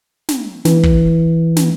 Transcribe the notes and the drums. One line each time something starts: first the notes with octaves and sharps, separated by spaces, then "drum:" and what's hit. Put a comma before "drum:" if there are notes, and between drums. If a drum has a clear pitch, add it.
drum: snare
E3, drum: snare
drum: kick
drum: snare